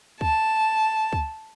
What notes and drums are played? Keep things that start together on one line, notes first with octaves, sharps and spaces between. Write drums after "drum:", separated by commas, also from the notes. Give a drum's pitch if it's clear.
A5, drum: kick C#2
drum: kick C#2